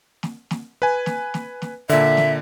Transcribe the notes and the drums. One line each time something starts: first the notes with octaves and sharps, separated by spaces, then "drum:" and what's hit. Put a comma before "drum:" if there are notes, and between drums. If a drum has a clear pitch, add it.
drum: snare
drum: snare
B4 G#5
drum: snare
drum: snare
drum: snare
A#2 D3 E5, drum: hi-hat
drum: snare